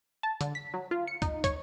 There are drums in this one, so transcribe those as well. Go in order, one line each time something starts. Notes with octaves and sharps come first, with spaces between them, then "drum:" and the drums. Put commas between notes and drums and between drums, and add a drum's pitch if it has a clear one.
A5
D3, drum: hi-hat
B6
F#3
F4
C#7
D#4, drum: kick, hi-hat
C#5, drum: kick, hi-hat